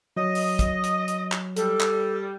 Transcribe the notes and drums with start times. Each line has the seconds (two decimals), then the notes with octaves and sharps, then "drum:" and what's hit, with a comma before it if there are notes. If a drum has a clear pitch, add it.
0.17 F#3 D#5
0.35 drum: open hi-hat
0.59 drum: kick, hi-hat
0.83 drum: hi-hat
1.08 drum: hi-hat
1.32 drum: clap
1.56 G3 A4, drum: hi-hat
1.80 drum: clap